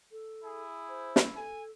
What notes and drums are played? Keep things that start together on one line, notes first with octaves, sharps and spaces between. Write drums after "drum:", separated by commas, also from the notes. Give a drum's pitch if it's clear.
A4
E4 G#4
C5
drum: snare
A4 G#5